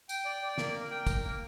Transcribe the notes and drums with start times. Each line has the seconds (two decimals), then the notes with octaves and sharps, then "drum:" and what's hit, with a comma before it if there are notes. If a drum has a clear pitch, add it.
0.09 G5, drum: tambourine
0.25 D5
0.42 D5
0.58 A#3, drum: snare
0.75 A#4
0.91 G5
1.07 A#4, drum: kick, tambourine
1.23 A#3